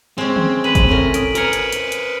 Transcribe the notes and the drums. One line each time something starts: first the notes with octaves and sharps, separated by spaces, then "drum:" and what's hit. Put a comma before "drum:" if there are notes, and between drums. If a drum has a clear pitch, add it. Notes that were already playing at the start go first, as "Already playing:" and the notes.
G#3 C4 C#4
drum: tom D3
B4 B6 D#7 F#7
drum: kick G1, hi-hat
A2 C#4 A#4
D#6 D7, drum: hi-hat
A#4 B4 G#5 A#5 F6 C#7, drum: hi-hat
drum: hi-hat
drum: hi-hat
drum: hi-hat